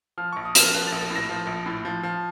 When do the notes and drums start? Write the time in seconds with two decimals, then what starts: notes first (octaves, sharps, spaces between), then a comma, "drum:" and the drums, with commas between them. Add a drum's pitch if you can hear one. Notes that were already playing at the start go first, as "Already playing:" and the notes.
0.18 F3 F6
0.33 A#1 C#6
0.45 D#6
0.55 F3 F6, drum: hi-hat
0.73 F3 F#6
0.87 A#1 A6
1.01 A6
1.10 A2
1.16 A#6
1.29 F3
1.47 A#1
1.66 A2
1.85 F3
2.03 F3